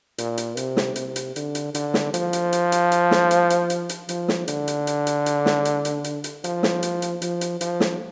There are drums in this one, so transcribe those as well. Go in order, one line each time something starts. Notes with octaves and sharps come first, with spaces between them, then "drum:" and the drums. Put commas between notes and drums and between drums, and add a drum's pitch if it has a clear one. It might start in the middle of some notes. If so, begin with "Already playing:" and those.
A#2, drum: hi-hat
drum: hi-hat
C3, drum: hi-hat
drum: snare
C3, drum: hi-hat
drum: hi-hat
D3, drum: hi-hat
drum: hi-hat
D3, drum: hi-hat
drum: snare
F3, drum: hi-hat
drum: hi-hat
drum: hi-hat
drum: hi-hat
drum: hi-hat
drum: snare
drum: hi-hat
drum: hi-hat
drum: hi-hat
drum: hi-hat
F3, drum: hi-hat
drum: snare
D3, drum: hi-hat
drum: hi-hat
drum: hi-hat
drum: hi-hat
drum: hi-hat
drum: snare
drum: hi-hat
drum: hi-hat
drum: hi-hat
drum: hi-hat
F3, drum: hi-hat
drum: snare
drum: hi-hat
drum: hi-hat
F3, drum: hi-hat
drum: hi-hat
F3, drum: hi-hat
drum: snare